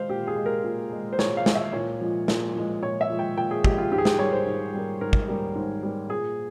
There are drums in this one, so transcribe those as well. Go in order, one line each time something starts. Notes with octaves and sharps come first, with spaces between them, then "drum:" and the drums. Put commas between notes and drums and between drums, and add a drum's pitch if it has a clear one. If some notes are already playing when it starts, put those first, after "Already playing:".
Already playing: G#3 C5 F5
A#2 G4
G#4
G#3
A#4
A#2
G#3
C5
A#2 C#5, drum: snare
F5
G#3, drum: snare
E5
A#2 C#5
F3 G#3
A#2, drum: snare
F3 G#3
A#2 C#5
E5
F3 G#3
G5
A#2 G5
G#4
F3 G#3 G4, drum: kick
F4
G#2 G4
G#4
G4, drum: snare
G3 A#3 C#5
C5
G#2
G3 A#3
G#2 A#4
drum: kick
G3 A#3
G#2
G3 A#3
A#2 G#4